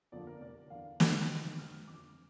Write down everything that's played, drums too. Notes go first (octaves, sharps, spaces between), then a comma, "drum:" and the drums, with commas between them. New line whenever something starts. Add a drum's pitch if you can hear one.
F2 D3 F3 A#3 D5
A#4
F1 D5
E2 D3 F5
C#2 G5, drum: snare
C#3 F3 A#3
F1 F6
F2 D3 D6